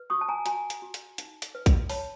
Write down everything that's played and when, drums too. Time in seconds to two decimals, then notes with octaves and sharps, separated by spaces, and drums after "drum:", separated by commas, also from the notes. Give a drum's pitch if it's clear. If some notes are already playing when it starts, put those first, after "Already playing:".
Already playing: B4
0.10 F#4 C#6 D#6
0.21 A5
0.28 G#5 A#5
0.46 F#4 G#5 A#5, drum: hi-hat
0.70 drum: hi-hat
0.82 F#4
0.94 drum: hi-hat
1.18 D#4, drum: hi-hat
1.42 drum: hi-hat
1.55 B4
1.66 drum: kick, hi-hat
1.89 C#5 A5 B5, drum: open hi-hat